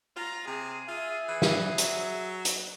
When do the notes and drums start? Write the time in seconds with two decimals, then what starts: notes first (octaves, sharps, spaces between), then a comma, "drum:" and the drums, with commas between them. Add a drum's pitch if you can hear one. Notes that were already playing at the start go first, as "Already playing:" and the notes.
0.17 F4 A#5
0.47 C3 G#4
0.88 F4 E5
1.29 E3
1.42 drum: snare
1.78 F#3, drum: hi-hat
2.45 drum: hi-hat